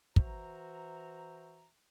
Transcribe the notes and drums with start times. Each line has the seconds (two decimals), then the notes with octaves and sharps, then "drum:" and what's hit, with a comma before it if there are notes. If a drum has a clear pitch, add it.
0.16 E3 F#4 C5 E5 A#5, drum: kick